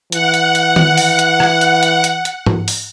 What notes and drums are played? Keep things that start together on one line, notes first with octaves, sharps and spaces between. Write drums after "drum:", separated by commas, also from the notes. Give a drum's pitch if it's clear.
E3 F#5, drum: hi-hat
drum: hi-hat
drum: hi-hat
drum: tom D#3
drum: open hi-hat
drum: hi-hat
drum: rim click
drum: hi-hat
drum: hi-hat
drum: hi-hat
drum: hi-hat
drum: tom G#2
drum: open hi-hat